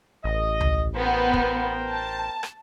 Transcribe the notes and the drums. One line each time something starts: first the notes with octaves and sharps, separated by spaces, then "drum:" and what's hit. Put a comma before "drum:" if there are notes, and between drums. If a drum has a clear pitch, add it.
A1 D#5
drum: tom C#2
B3 A#4 C5 G5
drum: kick
A5
drum: rim click